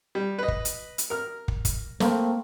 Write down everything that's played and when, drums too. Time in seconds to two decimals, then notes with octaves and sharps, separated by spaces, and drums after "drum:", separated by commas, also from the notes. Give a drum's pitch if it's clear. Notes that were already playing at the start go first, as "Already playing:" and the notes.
0.15 G3
0.39 B4 D#5
0.48 drum: kick
0.65 drum: hi-hat
0.98 drum: hi-hat
1.10 A#4 F6
1.48 drum: kick
1.65 drum: kick, hi-hat
2.00 A3 A#3 C4, drum: snare